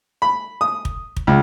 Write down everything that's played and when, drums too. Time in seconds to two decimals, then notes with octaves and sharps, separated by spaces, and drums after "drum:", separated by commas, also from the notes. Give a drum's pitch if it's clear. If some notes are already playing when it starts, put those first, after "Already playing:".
0.22 B5
0.61 D#6
0.85 drum: kick
1.16 drum: kick
1.27 C#2